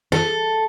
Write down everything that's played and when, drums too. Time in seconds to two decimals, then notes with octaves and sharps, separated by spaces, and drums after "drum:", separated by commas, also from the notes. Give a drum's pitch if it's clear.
0.12 A4, drum: snare